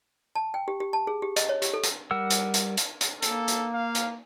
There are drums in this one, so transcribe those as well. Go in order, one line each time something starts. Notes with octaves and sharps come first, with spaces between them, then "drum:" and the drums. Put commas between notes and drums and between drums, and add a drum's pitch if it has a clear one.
A5
G5
G4
G4
A5
G#4
G4
D#5, drum: hi-hat
C#5
G4, drum: hi-hat
A4
drum: hi-hat
G3 A#4 F#5 E6
drum: hi-hat
drum: hi-hat
drum: hi-hat
drum: hi-hat
A#3 A4, drum: hi-hat
drum: hi-hat
F5
drum: hi-hat